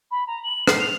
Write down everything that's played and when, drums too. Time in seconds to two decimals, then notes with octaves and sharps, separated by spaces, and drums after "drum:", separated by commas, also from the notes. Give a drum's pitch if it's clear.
0.11 B5
0.27 A#5
0.44 F#7
0.67 C7, drum: rim click
0.80 F7